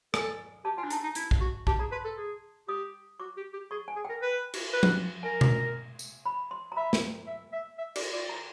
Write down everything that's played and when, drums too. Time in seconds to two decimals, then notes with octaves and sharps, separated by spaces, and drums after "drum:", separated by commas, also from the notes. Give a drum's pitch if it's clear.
0.14 A4 G#5, drum: rim click
0.65 G4 A5
0.77 F4 G#5
0.83 D4
0.90 D#4 A5, drum: hi-hat
1.03 D#4
1.15 E4, drum: hi-hat
1.31 drum: kick A#1
1.41 F#4
1.67 G4 A5, drum: kick A#1
1.79 G#4 A#5
1.92 B4 C6
2.04 A4
2.17 G#4
2.68 G4 D#6
3.20 F#4 D6
3.37 G4
3.53 G4
3.71 G#4 C#6
3.88 G#5
3.96 G#4
4.05 A#4 G5
4.22 B4
4.54 drum: cymbal
4.73 B4
4.83 drum: tom F3
5.23 A#4 G#5
5.41 drum: tom B2
5.99 drum: tambourine
6.26 B5
6.51 C6
6.72 A#5
6.76 E5 B5
6.93 drum: snare
7.27 E5
7.52 E5
7.78 E5
7.96 D5, drum: cymbal
8.13 D5
8.29 A#5